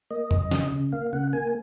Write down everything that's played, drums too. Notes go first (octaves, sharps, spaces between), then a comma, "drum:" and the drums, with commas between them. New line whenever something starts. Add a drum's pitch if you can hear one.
A#3 D#5
F#2, drum: tom F2
C#3, drum: snare
C#3
A#3 F5
C#3 F#5
A#3 G#5